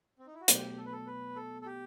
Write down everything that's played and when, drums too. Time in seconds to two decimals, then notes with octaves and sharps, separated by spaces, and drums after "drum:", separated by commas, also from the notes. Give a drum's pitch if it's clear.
0.19 C4
0.27 D#4
0.34 E4
0.41 F#4
0.48 B2 F#3 A3 G4, drum: hi-hat
0.77 A4
0.86 B4
0.93 A4
1.07 B4
1.36 A4
1.62 A4
1.66 G4